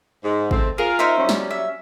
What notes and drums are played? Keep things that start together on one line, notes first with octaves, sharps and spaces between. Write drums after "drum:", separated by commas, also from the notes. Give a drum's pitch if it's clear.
G#2
A3 C4, drum: kick
F4 G#4 A#4
D#4 C5 E5
F#3 G3 C#4
drum: snare
E5